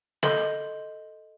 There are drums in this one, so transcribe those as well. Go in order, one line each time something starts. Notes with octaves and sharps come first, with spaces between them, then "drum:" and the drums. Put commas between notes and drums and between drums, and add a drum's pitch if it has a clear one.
A4 D#5 C6 G6, drum: snare